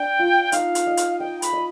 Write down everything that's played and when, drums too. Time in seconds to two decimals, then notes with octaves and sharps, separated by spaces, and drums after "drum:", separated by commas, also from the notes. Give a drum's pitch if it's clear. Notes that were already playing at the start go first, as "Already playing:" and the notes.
Already playing: D4 G5
0.19 F4
0.52 D#4 F5, drum: hi-hat
0.75 drum: hi-hat
0.87 D#5
0.97 drum: hi-hat
1.19 D#5 G5
1.42 B5, drum: hi-hat
1.53 D#5